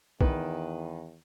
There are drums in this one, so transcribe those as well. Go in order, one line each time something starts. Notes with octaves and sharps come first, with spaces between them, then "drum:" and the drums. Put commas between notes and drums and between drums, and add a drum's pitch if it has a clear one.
E2 D#3 B4, drum: kick